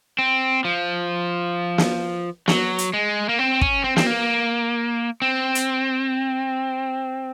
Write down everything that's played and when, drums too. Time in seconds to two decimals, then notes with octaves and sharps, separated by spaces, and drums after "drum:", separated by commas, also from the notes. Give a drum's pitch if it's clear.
0.19 C4
0.65 F3
1.78 drum: snare
2.48 F#3, drum: snare
2.78 drum: hi-hat
2.94 G#3
3.29 A#3
3.39 C4
3.61 C#4, drum: kick
3.84 C4
3.96 C4, drum: snare
4.07 A#3
5.22 C4
5.55 drum: hi-hat